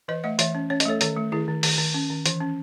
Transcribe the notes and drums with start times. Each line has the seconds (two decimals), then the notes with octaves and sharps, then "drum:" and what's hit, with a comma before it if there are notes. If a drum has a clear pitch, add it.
0.08 E3 B4 D#5
0.24 A3 D#5 F#5
0.39 E3 C#5 E5, drum: hi-hat
0.55 C#4
0.70 C#4 C#5
0.80 D#5, drum: hi-hat
0.85 A3 A4 C#5
1.01 D#3 A4 C#5, drum: hi-hat
1.17 A3
1.32 D#3 E4 G#4
1.48 D#3
1.63 D#3, drum: open hi-hat
1.78 D#3
1.94 C#4
2.10 D#3
2.26 E3, drum: hi-hat
2.41 C#4